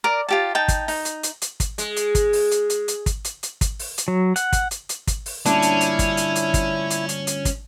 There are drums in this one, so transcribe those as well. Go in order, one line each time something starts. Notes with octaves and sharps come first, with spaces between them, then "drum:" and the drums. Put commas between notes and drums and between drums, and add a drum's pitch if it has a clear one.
A#4 D5
F4 G4 A5
D#4 G5 A5
drum: kick, hi-hat
D#4, drum: open hi-hat
drum: hi-hat
drum: hi-hat
drum: hi-hat
drum: kick, hi-hat
G#3, drum: hi-hat
drum: hi-hat
drum: kick, hi-hat
drum: open hi-hat
drum: hi-hat
drum: hi-hat
drum: hi-hat
drum: kick, hi-hat
drum: hi-hat
drum: hi-hat
drum: kick, hi-hat
drum: open hi-hat
drum: hi-hat
F#3
F#5, drum: hi-hat
drum: kick, hi-hat
drum: hi-hat
drum: hi-hat
drum: kick, hi-hat
drum: open hi-hat
D2 G2 A#2 C#4 D4 E4, drum: hi-hat
drum: hi-hat
drum: hi-hat
drum: kick, hi-hat
drum: hi-hat
drum: hi-hat
drum: kick, hi-hat
drum: hi-hat
drum: hi-hat
drum: hi-hat
drum: kick, hi-hat